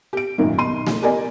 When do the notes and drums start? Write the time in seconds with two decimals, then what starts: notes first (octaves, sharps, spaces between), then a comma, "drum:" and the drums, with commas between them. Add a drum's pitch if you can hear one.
0.13 G4 D7
0.38 G#1 F#2 A#2 D#3
0.57 B1 D#4 C6 D#7
0.87 drum: snare A3
1.03 G4 A#4 D5 D#5 G#5